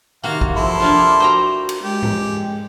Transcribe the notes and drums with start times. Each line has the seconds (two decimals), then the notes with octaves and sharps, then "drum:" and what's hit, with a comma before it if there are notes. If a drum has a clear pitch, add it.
0.23 C3 D#3 A#3 F#4 F5
0.41 drum: kick
0.56 F3 E4 A4 C6
0.80 F3 A#3 D4 F4
1.20 F#4 C5 G5 A#5
1.69 drum: cymbal
1.83 G#3 G4
2.03 drum: tom G#2